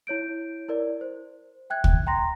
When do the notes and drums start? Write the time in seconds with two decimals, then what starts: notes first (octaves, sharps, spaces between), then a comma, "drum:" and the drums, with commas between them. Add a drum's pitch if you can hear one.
0.07 E4 C#5 G6 D7
0.68 E4 A#4 D5
1.01 C5
1.70 E5 G5 F#6 G#6
1.84 drum: kick
2.07 G5 A#5 C6 A#6